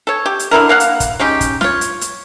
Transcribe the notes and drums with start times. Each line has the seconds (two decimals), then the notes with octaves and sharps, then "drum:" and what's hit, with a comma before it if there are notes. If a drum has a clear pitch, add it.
0.07 A4 C#5
0.26 G4
0.39 drum: hi-hat
0.51 D3 D#4 E4 A#4
0.69 A#3 F5 F#5
0.80 drum: hi-hat
1.00 drum: kick, hi-hat
1.19 G#3 C#4 D#4 G4
1.41 drum: kick, hi-hat
1.61 F4 C#5, drum: snare
1.81 drum: hi-hat
2.01 drum: hi-hat